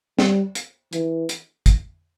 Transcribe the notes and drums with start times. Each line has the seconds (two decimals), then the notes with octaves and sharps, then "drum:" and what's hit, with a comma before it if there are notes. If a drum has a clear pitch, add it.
0.19 G3, drum: snare
0.55 drum: hi-hat
0.93 E3, drum: hi-hat
1.29 drum: hi-hat
1.66 drum: kick, hi-hat